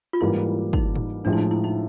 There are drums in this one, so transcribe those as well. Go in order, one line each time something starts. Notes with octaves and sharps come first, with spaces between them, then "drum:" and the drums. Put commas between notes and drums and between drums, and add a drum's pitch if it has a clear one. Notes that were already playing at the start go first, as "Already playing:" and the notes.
F4
G#2 E3 G3 A#3 E4
D#4, drum: kick
drum: tom G#2
A2 F3 G#3 D4
E4
D#4
E4
D#4